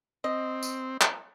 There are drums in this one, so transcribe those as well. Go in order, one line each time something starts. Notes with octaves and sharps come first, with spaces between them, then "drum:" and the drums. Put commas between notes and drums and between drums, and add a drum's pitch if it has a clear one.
C4 D#5
drum: tambourine
drum: clap